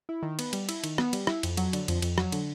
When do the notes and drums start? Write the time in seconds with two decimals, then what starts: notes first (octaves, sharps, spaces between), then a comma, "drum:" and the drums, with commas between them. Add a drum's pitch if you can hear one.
0.09 E4
0.23 D#3
0.39 B3, drum: cymbal
0.53 G3, drum: cymbal
0.69 E4, drum: cymbal
0.84 D#3, drum: cymbal
0.98 B3, drum: rim click
1.13 G3, drum: cymbal
1.27 E4, drum: rim click
1.43 F2, drum: cymbal
1.57 F#3, drum: cymbal
1.73 D3, drum: cymbal
1.88 F2, drum: cymbal
2.02 F2, drum: cymbal
2.18 F#3, drum: rim click
2.32 D3, drum: cymbal